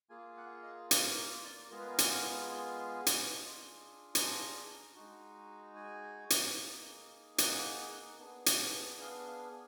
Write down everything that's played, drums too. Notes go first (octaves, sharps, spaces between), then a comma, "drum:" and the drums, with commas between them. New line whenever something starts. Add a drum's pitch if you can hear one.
A#3 F4 G#4 G#5
F#5
D#5
G#4, drum: hi-hat
A#4
D5
G#3 B3 F4 G#4 A#4
B4
A#4
drum: hi-hat
drum: hi-hat
D4 F4 G#4 D#5
A#5, drum: hi-hat
G#3 D#4 F#4
G#5
drum: hi-hat
A#3 D#4 G#4
F#5, drum: hi-hat
B3 D4 G#4
drum: hi-hat
F5
F5